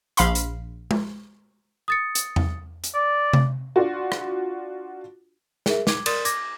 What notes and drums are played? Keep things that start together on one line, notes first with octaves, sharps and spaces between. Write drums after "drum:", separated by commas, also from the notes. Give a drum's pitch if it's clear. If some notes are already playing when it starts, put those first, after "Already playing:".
A#1 F5 B5 C6, drum: hi-hat
drum: hi-hat
drum: tom G#3
D#6 A6 C#7
drum: hi-hat
drum: tom E2
drum: hi-hat
D5
drum: tom C3
D4 F4 F#4
drum: rim click
G#4 A#4 E5, drum: snare
D6 G#6, drum: snare
A#4 D5 C6 D#6 A6, drum: cymbal
D6 G#6 A#6, drum: hi-hat